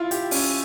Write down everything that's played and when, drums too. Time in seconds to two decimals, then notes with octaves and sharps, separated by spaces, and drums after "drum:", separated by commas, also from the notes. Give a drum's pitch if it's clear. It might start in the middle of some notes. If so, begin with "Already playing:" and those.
Already playing: E4 F4
0.11 G4, drum: hi-hat
0.31 C#4, drum: open hi-hat